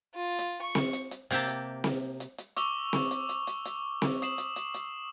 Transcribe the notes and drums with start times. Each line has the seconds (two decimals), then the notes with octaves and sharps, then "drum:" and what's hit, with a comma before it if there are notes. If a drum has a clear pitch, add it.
0.15 F4
0.39 drum: hi-hat
0.62 C#6
0.75 drum: snare C4
0.93 drum: hi-hat
1.11 drum: hi-hat
1.31 C3 A#3 G4 E5 A5, drum: hi-hat
1.48 drum: hi-hat
1.84 drum: snare C4
2.20 drum: hi-hat
2.38 drum: hi-hat
2.56 C#6 D6 E6 F7 G7, drum: hi-hat
2.93 drum: snare C4
3.11 drum: hi-hat
3.29 drum: hi-hat
3.47 drum: hi-hat
3.65 drum: hi-hat
4.02 drum: snare C4
4.22 D#6 C7 E7 F#7, drum: hi-hat
4.38 drum: hi-hat
4.56 drum: hi-hat
4.74 drum: hi-hat